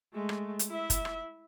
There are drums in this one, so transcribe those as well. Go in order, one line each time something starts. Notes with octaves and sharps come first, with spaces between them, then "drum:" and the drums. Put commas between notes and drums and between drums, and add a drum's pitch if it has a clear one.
G#3 A3
drum: rim click
drum: hi-hat
E4 E5
drum: kick, hi-hat
drum: rim click